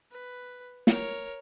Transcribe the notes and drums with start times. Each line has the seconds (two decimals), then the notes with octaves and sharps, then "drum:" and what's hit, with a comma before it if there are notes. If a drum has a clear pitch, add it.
0.11 B4
0.87 A#4 C#5, drum: snare